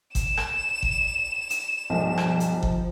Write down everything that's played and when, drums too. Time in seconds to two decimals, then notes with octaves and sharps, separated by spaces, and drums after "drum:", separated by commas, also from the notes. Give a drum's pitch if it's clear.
0.15 E7, drum: kick G1, hi-hat
0.37 drum: rim click
0.82 drum: kick G1
1.50 drum: hi-hat
1.90 B1 G2 F3
2.18 drum: rim click
2.40 drum: hi-hat
2.63 drum: kick G1